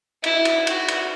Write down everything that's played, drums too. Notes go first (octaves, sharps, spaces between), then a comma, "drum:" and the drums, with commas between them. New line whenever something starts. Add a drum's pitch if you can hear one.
E4, drum: cymbal
drum: cymbal
F#4, drum: cymbal
drum: cymbal